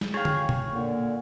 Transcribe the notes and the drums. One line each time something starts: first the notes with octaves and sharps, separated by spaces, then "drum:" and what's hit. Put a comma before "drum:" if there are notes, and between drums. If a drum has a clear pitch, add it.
drum: snare
G#4 C#5 F5 G5
drum: tom
drum: tom
A#2 D3 A#3